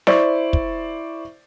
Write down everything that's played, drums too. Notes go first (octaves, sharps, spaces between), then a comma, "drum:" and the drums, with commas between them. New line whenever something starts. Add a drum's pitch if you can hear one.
E4 C5 D5 C#6, drum: snare
drum: kick